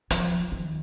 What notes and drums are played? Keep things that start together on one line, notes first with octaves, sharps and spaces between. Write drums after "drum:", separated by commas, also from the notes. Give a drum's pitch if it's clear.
F3, drum: hi-hat
D#3